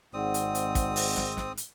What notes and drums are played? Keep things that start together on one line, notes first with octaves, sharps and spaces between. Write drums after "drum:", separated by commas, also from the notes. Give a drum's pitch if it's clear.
G#1 G#2 C4 D5 F#5 D#6
drum: hi-hat
drum: hi-hat
drum: kick, hi-hat
drum: open hi-hat
drum: snare
drum: snare
drum: hi-hat